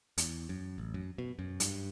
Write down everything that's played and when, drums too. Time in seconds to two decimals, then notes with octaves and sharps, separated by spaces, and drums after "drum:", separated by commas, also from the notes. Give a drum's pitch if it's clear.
0.18 E2, drum: hi-hat
0.49 F#2
0.78 A1
0.94 F#2
1.18 B2
1.39 F#2
1.60 G2, drum: hi-hat